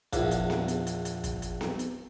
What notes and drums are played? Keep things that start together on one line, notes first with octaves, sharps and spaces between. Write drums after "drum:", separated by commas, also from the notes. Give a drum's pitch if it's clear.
A#1 E2, drum: kick, hi-hat
drum: hi-hat
drum: snare B3
drum: hi-hat
drum: hi-hat
drum: hi-hat
drum: kick, hi-hat
drum: hi-hat
drum: snare B3
drum: hi-hat